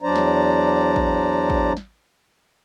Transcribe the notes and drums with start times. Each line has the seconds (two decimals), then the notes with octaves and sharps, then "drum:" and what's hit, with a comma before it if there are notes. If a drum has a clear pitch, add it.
0.02 E2 F#3 D4 C5 D5 A#5
0.15 drum: snare
0.96 drum: kick
1.50 drum: kick
1.77 drum: snare